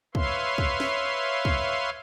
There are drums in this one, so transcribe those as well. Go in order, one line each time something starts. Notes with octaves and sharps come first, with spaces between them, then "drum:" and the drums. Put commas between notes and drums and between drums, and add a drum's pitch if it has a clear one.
B4 C#5 E5 F5 C6, drum: kick
drum: kick
drum: snare
drum: kick